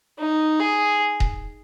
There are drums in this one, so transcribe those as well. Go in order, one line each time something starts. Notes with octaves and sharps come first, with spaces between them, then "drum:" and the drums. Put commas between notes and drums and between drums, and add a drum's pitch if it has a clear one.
D#4
G#4
drum: kick D#1